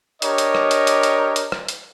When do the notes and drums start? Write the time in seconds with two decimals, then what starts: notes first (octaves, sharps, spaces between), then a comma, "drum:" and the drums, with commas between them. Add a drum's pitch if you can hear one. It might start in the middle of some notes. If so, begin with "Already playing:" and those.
0.22 D4 G4 A#4 C#5 D#5, drum: hi-hat
0.38 drum: hi-hat
0.55 drum: rim click
0.71 drum: hi-hat
0.87 drum: hi-hat
1.03 drum: hi-hat
1.36 drum: hi-hat
1.52 drum: rim click
1.68 drum: hi-hat